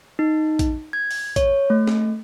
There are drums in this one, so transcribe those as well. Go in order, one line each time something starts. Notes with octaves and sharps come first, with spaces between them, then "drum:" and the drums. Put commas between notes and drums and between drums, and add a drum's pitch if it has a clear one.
D#4
drum: kick A#1, hi-hat
G#6
drum: open hi-hat
C#5, drum: kick A#1, hi-hat
A3
drum: snare